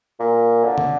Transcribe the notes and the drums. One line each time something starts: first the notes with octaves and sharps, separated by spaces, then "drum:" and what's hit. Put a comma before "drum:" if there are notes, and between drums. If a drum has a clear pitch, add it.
A#2
D3
drum: tom